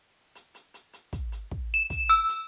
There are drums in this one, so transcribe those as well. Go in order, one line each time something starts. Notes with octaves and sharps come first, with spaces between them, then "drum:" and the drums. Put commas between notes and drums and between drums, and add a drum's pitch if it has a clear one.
drum: hi-hat
drum: hi-hat
drum: hi-hat
drum: hi-hat
drum: kick, hi-hat
drum: hi-hat
drum: kick
E7
drum: kick, hi-hat
E6, drum: hi-hat
drum: hi-hat